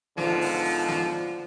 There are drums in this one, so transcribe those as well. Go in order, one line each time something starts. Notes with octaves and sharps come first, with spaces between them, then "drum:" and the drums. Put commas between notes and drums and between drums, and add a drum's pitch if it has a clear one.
G#2 B2 D3 F3, drum: snare
drum: open hi-hat
drum: open hi-hat
drum: snare